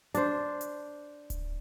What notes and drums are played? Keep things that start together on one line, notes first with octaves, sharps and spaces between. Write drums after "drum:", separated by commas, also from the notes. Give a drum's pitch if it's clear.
D4 C5, drum: hi-hat
drum: hi-hat
drum: kick D1, hi-hat